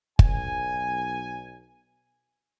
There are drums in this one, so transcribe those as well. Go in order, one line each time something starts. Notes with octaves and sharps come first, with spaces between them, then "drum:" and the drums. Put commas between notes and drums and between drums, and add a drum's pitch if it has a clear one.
B1 G#5, drum: kick